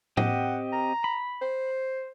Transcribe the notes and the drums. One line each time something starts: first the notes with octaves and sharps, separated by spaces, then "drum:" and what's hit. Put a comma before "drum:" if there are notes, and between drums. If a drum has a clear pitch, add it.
C4 G4 D#5 F#5, drum: tom A2
A#5
B5
C5